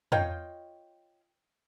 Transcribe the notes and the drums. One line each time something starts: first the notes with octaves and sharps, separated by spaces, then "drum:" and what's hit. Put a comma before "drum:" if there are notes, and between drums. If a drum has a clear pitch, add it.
F4 C#5 D#5 G5, drum: tom